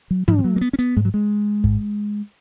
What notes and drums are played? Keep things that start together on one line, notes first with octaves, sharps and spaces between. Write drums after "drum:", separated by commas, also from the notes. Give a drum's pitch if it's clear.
F#3
G#2 F3, drum: tom
F3
F#3
A#3
B3
C#4
B3, drum: hi-hat
G#2 G#3
F#3
G#3
G#2, drum: kick